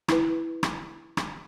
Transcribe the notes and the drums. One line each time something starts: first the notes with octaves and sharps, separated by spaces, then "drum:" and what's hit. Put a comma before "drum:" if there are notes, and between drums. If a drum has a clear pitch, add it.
E4 B4, drum: rim click
drum: rim click
drum: rim click